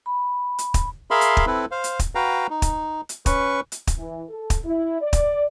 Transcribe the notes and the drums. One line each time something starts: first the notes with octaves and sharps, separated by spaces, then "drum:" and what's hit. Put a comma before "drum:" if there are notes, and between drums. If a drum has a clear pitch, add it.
B5
drum: hi-hat
drum: kick, hi-hat
G#4 A#4 E5 F5 B5 C6
drum: hi-hat
drum: kick
C4 E4 A4 B4
C5 F5
drum: hi-hat
drum: kick, hi-hat
F#4 B4 F5 G5 A#5
D#4
drum: kick, hi-hat
drum: hi-hat
C#4 B4 C#6, drum: kick, hi-hat
drum: hi-hat
drum: kick, hi-hat
E3
A4
drum: kick, hi-hat
E4
D5
drum: kick, hi-hat